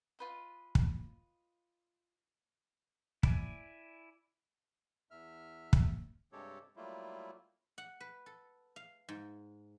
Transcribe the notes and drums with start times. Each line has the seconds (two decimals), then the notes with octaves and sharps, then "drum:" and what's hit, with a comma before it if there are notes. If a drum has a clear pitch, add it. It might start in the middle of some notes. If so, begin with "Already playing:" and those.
0.19 F4 B4 D#5
0.75 drum: kick
3.23 E4 D5 G#5, drum: kick
5.11 E2 E5 F6
5.73 drum: kick
6.32 G2 C3 G#3 G4 A4 C#5
6.76 F#3 G3 A3 A#3 E4 F4
7.78 F#5
8.01 B4
8.26 A4
8.76 F5
9.09 G#2